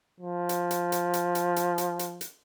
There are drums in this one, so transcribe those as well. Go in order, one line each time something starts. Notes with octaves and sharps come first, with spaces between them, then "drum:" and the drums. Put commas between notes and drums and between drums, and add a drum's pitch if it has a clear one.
F3
drum: hi-hat
drum: hi-hat
drum: hi-hat
drum: hi-hat
drum: hi-hat
drum: hi-hat
drum: hi-hat
drum: hi-hat
drum: hi-hat